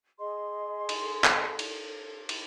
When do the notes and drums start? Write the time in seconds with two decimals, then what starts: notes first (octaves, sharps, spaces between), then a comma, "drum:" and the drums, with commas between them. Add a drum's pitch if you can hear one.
0.19 G#4 D#5 C6
0.89 drum: cymbal
1.01 A4
1.24 drum: clap
1.59 drum: cymbal
2.29 drum: cymbal